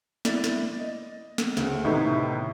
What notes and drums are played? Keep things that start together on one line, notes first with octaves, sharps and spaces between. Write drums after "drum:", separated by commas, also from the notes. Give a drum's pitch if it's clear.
E4 D5 A6, drum: snare
drum: snare
D#5
drum: snare
D2 C#3, drum: snare
A2 C3 D#3 B3 D#4 E4